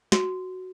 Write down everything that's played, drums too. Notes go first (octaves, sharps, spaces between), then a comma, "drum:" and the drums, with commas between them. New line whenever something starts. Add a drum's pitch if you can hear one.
F#4, drum: snare